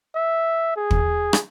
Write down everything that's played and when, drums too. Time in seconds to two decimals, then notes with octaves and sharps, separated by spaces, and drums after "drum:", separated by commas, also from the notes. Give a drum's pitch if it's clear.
0.15 E5
0.76 G#4
0.91 drum: kick
1.33 drum: rim click